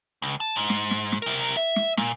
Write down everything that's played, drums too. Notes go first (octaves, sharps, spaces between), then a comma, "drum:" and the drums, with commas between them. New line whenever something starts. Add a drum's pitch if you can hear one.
C#2
A5
G#2
drum: snare
drum: snare
drum: snare
C3 A#4
drum: hi-hat
E5, drum: hi-hat
drum: snare
A#2, drum: snare